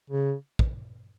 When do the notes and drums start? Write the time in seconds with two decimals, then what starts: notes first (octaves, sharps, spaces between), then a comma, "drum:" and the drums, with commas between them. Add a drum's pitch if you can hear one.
0.10 C#3
0.59 drum: kick